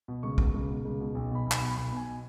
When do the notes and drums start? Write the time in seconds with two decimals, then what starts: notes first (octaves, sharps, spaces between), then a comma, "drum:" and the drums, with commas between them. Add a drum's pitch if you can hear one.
0.08 B2
0.23 C#2 C#6
0.38 B2, drum: kick
0.54 C#2
0.70 B2
0.85 C#2
1.00 B2
1.15 B1
1.31 B2 B5
1.46 B1
1.51 G#5, drum: clap
1.56 B5
1.61 B2
1.76 B1 B5
1.92 B2
1.97 G#5